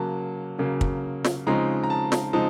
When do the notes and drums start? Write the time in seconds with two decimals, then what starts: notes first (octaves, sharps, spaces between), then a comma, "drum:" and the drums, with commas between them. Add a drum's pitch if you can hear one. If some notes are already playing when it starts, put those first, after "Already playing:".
Already playing: C#3 F#3 A#3 A5
0.59 C#3 F#3 A#3
0.81 drum: kick
1.24 drum: snare
1.47 C#3 F3 G#3 C4 D#4 A#5
1.84 A#5
1.90 A5
2.12 drum: snare
2.33 C#3 F3 G#3 C4 D#4 A5